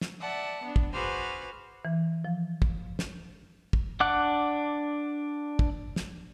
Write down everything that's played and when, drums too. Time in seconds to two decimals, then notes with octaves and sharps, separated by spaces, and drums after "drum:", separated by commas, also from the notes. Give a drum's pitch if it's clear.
0.01 drum: snare
0.20 D5 E5 F#5 A5
0.63 B3 D4
0.76 drum: kick
0.93 F#4 G#4 B4 C5 D6 F6
1.85 E3
2.25 F3
2.62 drum: kick
2.99 drum: snare
3.73 drum: kick
4.00 D4 F#5 D6 F#6
5.59 drum: kick
5.96 drum: snare